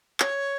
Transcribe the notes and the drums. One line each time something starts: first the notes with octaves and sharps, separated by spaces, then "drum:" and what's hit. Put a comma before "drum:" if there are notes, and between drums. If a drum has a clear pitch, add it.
C#5, drum: clap